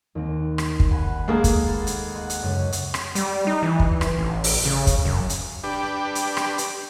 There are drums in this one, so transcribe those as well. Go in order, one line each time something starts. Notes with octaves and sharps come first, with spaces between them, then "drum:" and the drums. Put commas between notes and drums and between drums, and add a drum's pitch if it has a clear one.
D#2 C4
drum: rim click
drum: kick
F#5 G#5 B5
G#3 A#3 G#4 A4 C5
drum: kick, hi-hat
F#5 B5 A6
drum: hi-hat
D#5 F#5 C6
drum: hi-hat
C#2 F#2
drum: hi-hat
drum: rim click
G3, drum: hi-hat
D#4
E3
drum: kick
drum: rim click
A1
drum: open hi-hat
C#3
drum: kick, hi-hat
F#2
drum: hi-hat
D4 G4 B4
drum: hi-hat
drum: rim click
drum: hi-hat